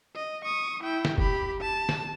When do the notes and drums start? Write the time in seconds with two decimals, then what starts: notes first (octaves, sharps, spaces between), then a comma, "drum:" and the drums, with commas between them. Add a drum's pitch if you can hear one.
0.15 D#5
0.45 C#6 D#6
0.83 E4 G5
1.05 drum: snare
1.18 G4 B5, drum: kick F1
1.61 A5
1.89 drum: snare